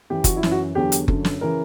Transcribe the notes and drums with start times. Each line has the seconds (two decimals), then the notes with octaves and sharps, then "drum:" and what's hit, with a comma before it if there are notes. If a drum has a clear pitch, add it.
0.10 F#2 E3 G4
0.24 F#4, drum: kick F#1, hi-hat
0.37 E4
0.43 F#2 E3, drum: snare
0.51 F#4
0.75 E2 D3 F#3 G4
0.92 drum: hi-hat
1.08 F#2 D3 F#3, drum: kick F#1
1.25 drum: snare
1.41 C#3 E3 A#4